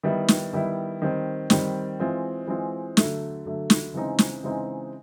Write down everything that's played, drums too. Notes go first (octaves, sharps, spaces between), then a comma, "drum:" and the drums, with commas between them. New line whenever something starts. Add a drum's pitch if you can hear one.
D#3 G3 B3 E4
drum: snare
D#3 G3 B3 E4
D#3 G3 C4
D#3 G3 C4, drum: snare
E3 G#3 C4 F4
E3 G#3 C4 F4
D3 F#3 A3, drum: snare
D3 F#3 A3
drum: snare
C#3 E3 G#3 C4 D#4
drum: snare
C#3 E3 G#3 C4 D#4